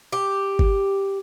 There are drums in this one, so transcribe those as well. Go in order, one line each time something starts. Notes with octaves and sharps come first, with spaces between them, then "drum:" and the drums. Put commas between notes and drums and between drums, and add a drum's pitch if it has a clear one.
G4
drum: kick G1